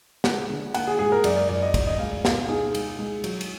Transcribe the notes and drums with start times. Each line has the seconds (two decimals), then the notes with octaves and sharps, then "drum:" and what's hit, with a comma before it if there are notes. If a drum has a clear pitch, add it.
0.24 G#3 F#5, drum: snare
0.50 D3
0.74 A#3 F#5, drum: cymbal
0.87 G#4
0.99 G#2 G#4
1.12 A#4
1.24 F#2 D5, drum: cymbal
1.37 D5
1.49 F#2 D5
1.62 D#5
1.74 D2 D5, drum: kick, cymbal
1.87 D#5
1.99 G#3 F5
2.25 B2 F5, drum: snare
2.49 D#4 G#4
2.75 G#3, drum: cymbal
2.99 G#3
3.24 F#3, drum: cymbal
3.41 drum: cymbal